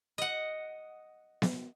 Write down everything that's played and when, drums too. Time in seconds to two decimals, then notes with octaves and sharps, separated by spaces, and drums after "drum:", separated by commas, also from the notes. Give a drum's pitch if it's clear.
0.18 D#5 F#5
1.42 drum: snare B3